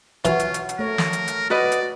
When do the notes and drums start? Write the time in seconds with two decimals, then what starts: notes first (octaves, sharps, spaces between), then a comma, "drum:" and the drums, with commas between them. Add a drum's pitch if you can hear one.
0.25 E3 F4 F#4 C#5, drum: hi-hat
0.39 drum: hi-hat
0.54 drum: hi-hat
0.69 drum: hi-hat
0.79 A3 A#4 C#5
0.98 drum: snare
1.13 drum: hi-hat
1.28 drum: hi-hat
1.50 F#4 B4 D5 D#5
1.72 drum: hi-hat